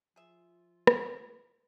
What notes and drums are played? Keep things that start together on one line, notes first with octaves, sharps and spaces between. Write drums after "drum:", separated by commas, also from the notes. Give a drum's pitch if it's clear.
F3 F4 G#4 E5
drum: rim click